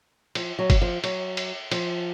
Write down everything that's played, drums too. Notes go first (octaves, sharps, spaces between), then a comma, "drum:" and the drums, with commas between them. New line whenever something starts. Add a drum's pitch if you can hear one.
F3, drum: cymbal
F#3
drum: kick G1, cymbal
F3
F#3, drum: cymbal
drum: cymbal
F3, drum: cymbal